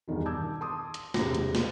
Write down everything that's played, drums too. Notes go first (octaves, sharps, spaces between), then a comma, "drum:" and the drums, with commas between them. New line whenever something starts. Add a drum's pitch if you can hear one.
E2 G2 B2 D#3 E3
A5 D6 E6 G6 G#6
A5 C6 D6 D#6
drum: hi-hat
E1 C3 A#5 D6 A#6, drum: snare
drum: hi-hat
drum: snare